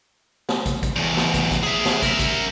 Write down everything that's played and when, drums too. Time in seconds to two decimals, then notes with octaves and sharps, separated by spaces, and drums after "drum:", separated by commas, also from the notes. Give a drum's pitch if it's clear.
0.49 drum: snare
0.66 drum: kick, hi-hat
0.83 drum: kick, hi-hat
0.96 E2 A2
1.17 drum: snare
1.34 drum: kick, hi-hat
1.51 drum: kick, hi-hat
1.63 G#4 E5
1.85 drum: snare
2.02 A#4 E5, drum: kick, hi-hat
2.19 drum: kick, hi-hat